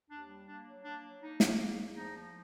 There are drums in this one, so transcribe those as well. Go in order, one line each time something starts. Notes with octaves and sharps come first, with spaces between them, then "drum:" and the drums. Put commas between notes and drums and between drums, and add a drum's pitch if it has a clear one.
D#2 D4
G3
A#3 D4
F#3
A#3 D4
F#3
A#3 D#4
A#3, drum: snare
E2
E2
F3 D#4
F3